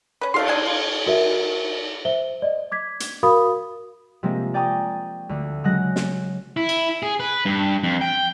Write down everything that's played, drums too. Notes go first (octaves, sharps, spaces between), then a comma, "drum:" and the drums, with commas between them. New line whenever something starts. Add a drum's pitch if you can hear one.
C#4 B4
A3 F5 C6, drum: cymbal
D4 D#4 G#5
F4
F#4 A#4 E5
C5 E5 G7
D5 D#5
D6 G#6 B6
drum: hi-hat
F#4 A#4 F5 B5 D#6
C3 F3 G#3 A#3
D5 G5 G#5 A#5 C#6 D#6
D2 D3 A3
C#3 F#3 G#3 F#5 F#6 A#6
drum: snare
E4
drum: cymbal
G#4
B4
G2
F2
G5